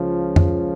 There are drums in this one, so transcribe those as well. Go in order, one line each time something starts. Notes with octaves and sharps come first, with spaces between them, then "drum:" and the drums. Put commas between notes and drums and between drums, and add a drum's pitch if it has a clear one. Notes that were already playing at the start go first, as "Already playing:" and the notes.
Already playing: C#2 C#3 F3
drum: tom